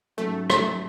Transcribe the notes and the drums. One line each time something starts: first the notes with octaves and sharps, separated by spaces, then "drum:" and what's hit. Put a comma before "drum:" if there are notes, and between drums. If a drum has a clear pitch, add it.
G#2 F#3 A3 C#4
A3, drum: rim click